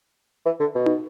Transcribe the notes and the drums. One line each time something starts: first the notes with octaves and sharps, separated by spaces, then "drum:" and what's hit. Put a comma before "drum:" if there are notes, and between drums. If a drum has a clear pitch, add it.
E3
D3
B2
drum: tom